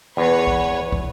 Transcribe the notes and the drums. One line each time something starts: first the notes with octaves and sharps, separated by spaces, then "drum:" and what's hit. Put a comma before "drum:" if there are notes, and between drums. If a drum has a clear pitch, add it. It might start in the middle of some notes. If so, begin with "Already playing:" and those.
E2 B4 C#5
drum: kick
drum: kick